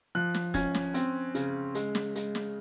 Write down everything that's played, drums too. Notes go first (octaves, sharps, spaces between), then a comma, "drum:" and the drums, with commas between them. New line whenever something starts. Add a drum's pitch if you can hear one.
F3 F#6
drum: snare
C#4 G#6, drum: kick, hi-hat
drum: snare
C4, drum: hi-hat
C#3, drum: hi-hat
G#3, drum: hi-hat
drum: snare
G#3, drum: hi-hat
drum: snare